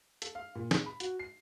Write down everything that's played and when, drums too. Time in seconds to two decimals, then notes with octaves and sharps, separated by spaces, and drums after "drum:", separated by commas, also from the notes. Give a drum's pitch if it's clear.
0.22 A4, drum: hi-hat
0.35 F5
0.55 A#2
0.71 G#4, drum: snare
0.86 B5
1.00 F#4, drum: hi-hat
1.19 C7